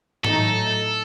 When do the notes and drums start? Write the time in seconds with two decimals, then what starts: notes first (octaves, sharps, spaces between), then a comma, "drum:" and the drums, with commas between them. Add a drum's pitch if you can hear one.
0.25 A2 F#3 A3 D#4 A4, drum: tom